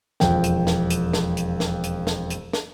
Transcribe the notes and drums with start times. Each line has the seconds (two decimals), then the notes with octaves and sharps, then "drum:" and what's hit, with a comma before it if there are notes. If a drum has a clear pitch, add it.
0.20 E1 F2 G5, drum: snare
0.43 drum: hi-hat
0.67 drum: snare
0.90 drum: hi-hat
1.13 drum: snare
1.37 drum: hi-hat
1.60 drum: snare
1.83 drum: hi-hat
2.07 drum: snare
2.30 drum: hi-hat
2.53 drum: snare